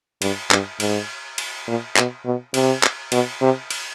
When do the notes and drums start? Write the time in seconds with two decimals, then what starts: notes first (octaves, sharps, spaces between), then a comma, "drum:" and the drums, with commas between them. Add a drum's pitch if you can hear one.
0.22 G2, drum: cymbal
0.51 G2, drum: clap
0.80 G#2, drum: cymbal
1.38 drum: cymbal
1.67 A#2
1.97 B2, drum: clap
2.25 B2
2.54 C3, drum: cymbal
2.83 drum: clap
3.12 B2, drum: cymbal
3.41 C3
3.70 drum: cymbal